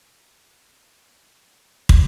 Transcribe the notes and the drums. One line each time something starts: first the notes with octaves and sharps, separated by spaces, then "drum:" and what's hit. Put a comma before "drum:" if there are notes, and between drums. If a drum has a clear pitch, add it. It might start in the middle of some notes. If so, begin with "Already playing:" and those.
A2 C#3 A3 C#4 G4
E5 B5 C#6 D6 F6
B4 G5 E6
drum: kick